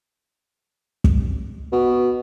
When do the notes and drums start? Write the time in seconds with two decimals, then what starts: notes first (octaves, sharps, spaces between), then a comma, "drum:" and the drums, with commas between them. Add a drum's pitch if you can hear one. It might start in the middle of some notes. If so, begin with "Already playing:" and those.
1.04 drum: kick
1.72 B2